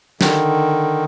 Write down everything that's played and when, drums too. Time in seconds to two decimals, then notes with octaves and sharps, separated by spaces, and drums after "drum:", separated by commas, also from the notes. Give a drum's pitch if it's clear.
0.21 D3 D#3, drum: snare